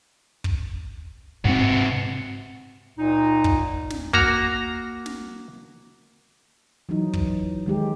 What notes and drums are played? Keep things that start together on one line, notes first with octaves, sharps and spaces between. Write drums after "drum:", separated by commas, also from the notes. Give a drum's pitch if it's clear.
drum: kick
G#2 C3 C4 F#4
C#2 A#2 D#4
drum: kick
drum: snare
A#3 F#4 A#5, drum: kick
drum: snare
E3 F#3 D#4
drum: kick
D#3 G#3 G4